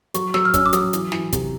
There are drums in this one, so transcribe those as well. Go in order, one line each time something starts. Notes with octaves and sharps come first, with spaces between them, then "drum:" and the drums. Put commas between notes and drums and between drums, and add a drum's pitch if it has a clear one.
F#3 C#6, drum: hi-hat
F#3 E6, drum: snare
F6
C#4 E6, drum: kick, hi-hat
D6
F#3 D#6, drum: hi-hat
E3, drum: hi-hat
E3, drum: snare
C3, drum: kick, hi-hat